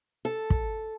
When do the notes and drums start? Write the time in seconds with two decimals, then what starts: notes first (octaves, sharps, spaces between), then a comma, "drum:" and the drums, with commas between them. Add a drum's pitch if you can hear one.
0.25 A4
0.50 drum: kick